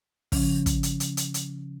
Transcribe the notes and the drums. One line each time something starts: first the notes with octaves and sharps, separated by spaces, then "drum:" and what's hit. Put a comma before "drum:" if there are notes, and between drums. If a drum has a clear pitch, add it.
C#3 F3 C#4, drum: kick, open hi-hat
drum: kick, hi-hat
drum: hi-hat
drum: hi-hat
drum: hi-hat
drum: hi-hat